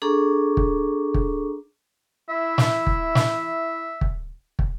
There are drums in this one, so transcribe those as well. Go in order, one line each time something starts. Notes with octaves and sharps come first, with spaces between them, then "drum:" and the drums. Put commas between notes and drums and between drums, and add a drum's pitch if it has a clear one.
D4 G#4 A4 A#5 C#6 D6
drum: kick
drum: kick
E4 E5
drum: snare
drum: kick
drum: snare
drum: kick
drum: kick